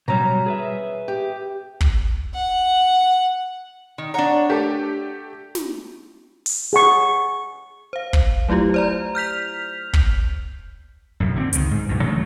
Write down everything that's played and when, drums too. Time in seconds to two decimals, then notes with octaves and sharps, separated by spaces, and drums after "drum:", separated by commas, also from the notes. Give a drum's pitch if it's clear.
0.08 B2 F#3 G3 C#4 A#5
0.46 G#4 B4 E5
1.08 G4
1.81 drum: kick
2.35 F#5
3.98 D#3
4.14 D4 C#5 F#5 A#5
4.50 A3 G4
5.55 drum: snare
6.46 drum: open hi-hat
6.73 G#4 F#5 C#6
7.93 C5 F5
8.13 drum: kick
8.49 F#3 A3 E4 F4 G4
8.74 C5 D5 A#5
9.15 F6 G6 B6 F7
9.93 drum: kick
11.20 B1 F#2
11.36 D3 B3 C4
11.53 C#2 D#3, drum: hi-hat
11.71 G#2
11.89 B1 G2 A#2
12.04 C#3 E3 F#3 A3